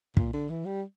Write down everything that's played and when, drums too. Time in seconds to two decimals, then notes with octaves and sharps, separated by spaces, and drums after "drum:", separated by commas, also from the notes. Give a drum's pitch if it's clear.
0.17 A#2, drum: kick
0.33 D3
0.50 E3
0.66 G3